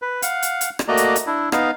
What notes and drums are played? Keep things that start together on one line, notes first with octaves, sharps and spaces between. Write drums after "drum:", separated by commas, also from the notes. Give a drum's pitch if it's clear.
B4
F5 F#5, drum: hi-hat
drum: hi-hat
drum: hi-hat
drum: rim click
A3 A#3 F#4 D5 D#5 A#5
drum: hi-hat
drum: hi-hat
D4 E4
B3 D#4 F5, drum: rim click